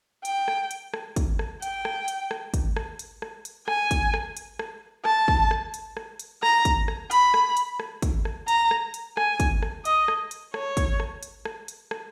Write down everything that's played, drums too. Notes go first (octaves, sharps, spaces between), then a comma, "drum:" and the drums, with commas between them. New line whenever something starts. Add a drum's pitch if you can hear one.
G5, drum: hi-hat
drum: rim click
drum: hi-hat
drum: rim click
drum: kick, hi-hat
drum: rim click
G5, drum: hi-hat
drum: rim click
drum: hi-hat
drum: rim click
drum: kick, hi-hat
drum: rim click
drum: hi-hat
drum: rim click
drum: hi-hat
G#5, drum: rim click
drum: kick, hi-hat
drum: rim click
drum: hi-hat
drum: rim click
A5, drum: rim click
drum: kick
drum: rim click
drum: hi-hat
drum: rim click
drum: hi-hat
A#5, drum: rim click
drum: kick, hi-hat
drum: rim click
B5, drum: hi-hat
drum: rim click
drum: hi-hat
drum: rim click
drum: kick, hi-hat
drum: rim click
A#5, drum: hi-hat
drum: rim click
drum: hi-hat
G#5, drum: rim click
drum: kick, hi-hat
drum: rim click
D#5, drum: hi-hat
drum: rim click
drum: hi-hat
C#5, drum: rim click
drum: kick, hi-hat
drum: rim click
drum: hi-hat
drum: rim click
drum: hi-hat
drum: rim click